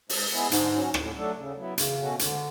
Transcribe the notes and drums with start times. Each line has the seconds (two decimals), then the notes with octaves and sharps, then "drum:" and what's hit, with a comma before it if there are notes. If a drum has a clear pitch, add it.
0.09 G#2, drum: open hi-hat
0.31 G#3 B3 E4 G#4
0.52 G#2 D3, drum: hi-hat
0.72 F#3 C#4
0.94 A2, drum: rim click
1.15 F#3 A3 D4 A4
1.36 C#3
1.56 F#3 B3 E4
1.78 E2 C#3, drum: hi-hat
1.99 B2 A3 C#4 F#4
2.19 G#2 D3, drum: hi-hat